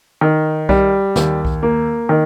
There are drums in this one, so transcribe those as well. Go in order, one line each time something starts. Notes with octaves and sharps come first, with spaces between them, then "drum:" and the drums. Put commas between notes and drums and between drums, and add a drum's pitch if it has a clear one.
D#3
G3, drum: kick B1
D#2, drum: snare
drum: kick B1
A#3
D#3